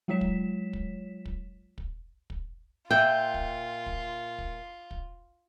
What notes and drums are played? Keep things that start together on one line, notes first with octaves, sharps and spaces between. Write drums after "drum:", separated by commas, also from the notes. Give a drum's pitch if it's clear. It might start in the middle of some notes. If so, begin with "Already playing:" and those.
F#3 G#3 F4 C#5 B6 E7
drum: kick
drum: kick
drum: kick
drum: kick
drum: kick
A#2 F4 E5 G5
drum: kick
drum: kick
drum: kick
drum: kick